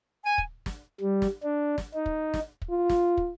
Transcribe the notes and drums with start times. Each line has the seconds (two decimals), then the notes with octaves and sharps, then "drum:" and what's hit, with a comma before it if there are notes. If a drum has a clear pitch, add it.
0.24 G#5
0.38 drum: kick
0.66 drum: snare
1.00 G3
1.22 drum: snare
1.44 D4
1.78 drum: snare
1.94 D#4
2.06 drum: kick
2.34 drum: snare
2.62 drum: kick
2.71 F4
2.89 drum: snare
3.17 drum: kick